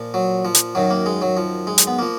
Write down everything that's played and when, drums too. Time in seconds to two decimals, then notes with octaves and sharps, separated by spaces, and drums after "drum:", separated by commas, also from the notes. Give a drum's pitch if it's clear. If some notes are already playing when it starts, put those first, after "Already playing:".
Already playing: A#2 F3
0.14 F#3
0.45 F3
0.55 drum: hi-hat
0.75 F#2 D#3 F#3
0.90 A#3
1.06 G#3
1.22 F#3
1.37 F3
1.67 G#3
1.78 drum: hi-hat
1.87 B3
1.99 F3 A#3